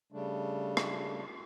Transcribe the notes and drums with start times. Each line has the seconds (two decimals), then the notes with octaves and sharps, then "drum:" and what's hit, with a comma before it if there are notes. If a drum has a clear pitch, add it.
0.12 C#3 G3 A3 D4
0.77 drum: rim click